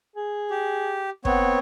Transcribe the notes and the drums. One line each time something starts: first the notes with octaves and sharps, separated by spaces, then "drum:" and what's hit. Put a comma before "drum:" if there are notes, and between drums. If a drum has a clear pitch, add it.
G#4
G4
B3 C4 C#5 F#5, drum: kick